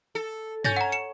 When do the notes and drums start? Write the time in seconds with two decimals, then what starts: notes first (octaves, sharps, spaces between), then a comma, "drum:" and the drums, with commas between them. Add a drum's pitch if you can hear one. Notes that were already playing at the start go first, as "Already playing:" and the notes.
0.15 A4
0.65 C#4 G6 A6 A#6, drum: tom G2
0.76 F#5 A#5
0.92 C#7 E7